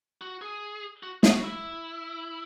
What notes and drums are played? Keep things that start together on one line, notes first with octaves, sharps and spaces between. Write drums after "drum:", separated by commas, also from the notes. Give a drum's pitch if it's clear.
F#4
G#4
F#4
G#4, drum: snare
F#4
E4